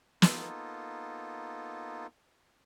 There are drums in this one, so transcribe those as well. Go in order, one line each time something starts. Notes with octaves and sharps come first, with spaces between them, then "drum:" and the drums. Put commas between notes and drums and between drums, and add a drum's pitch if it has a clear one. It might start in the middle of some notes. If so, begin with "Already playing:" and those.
A#3 B3 D#4 F4 A4, drum: snare